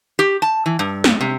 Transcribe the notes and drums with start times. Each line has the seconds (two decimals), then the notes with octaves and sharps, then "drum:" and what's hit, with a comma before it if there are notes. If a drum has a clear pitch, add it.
0.19 G4
0.42 A5
0.66 E3
0.79 G2
1.04 drum: snare
1.21 C3